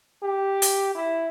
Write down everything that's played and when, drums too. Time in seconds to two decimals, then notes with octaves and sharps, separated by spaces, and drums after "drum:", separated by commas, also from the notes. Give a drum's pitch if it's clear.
0.23 G4
0.62 drum: hi-hat
0.95 E4